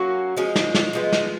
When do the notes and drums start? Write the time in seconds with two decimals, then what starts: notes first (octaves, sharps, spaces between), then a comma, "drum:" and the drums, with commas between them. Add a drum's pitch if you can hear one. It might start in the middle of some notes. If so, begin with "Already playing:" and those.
Already playing: F#3 A#3 C#4 F#4
0.37 F3 G#3 C#4
0.56 drum: snare
0.74 drum: snare
0.93 F3 G#3 B3
1.12 drum: snare